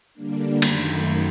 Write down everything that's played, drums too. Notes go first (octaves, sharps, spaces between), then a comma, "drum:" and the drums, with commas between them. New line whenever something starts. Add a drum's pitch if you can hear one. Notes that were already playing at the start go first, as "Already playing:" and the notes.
D3 G3 A#3 D4
F#2 D#3 A3, drum: cymbal